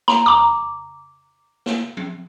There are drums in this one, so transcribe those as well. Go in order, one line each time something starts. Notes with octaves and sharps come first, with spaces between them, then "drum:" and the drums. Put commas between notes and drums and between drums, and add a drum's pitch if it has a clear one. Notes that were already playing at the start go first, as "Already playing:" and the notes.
A#5, drum: snare
A#5 D6, drum: tom F2
drum: snare
drum: tom F3